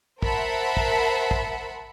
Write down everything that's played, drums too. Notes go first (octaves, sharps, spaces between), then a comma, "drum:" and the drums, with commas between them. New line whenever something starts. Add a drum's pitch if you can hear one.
A#4 C5 E5 F#5 A5 B5, drum: kick
drum: kick
drum: kick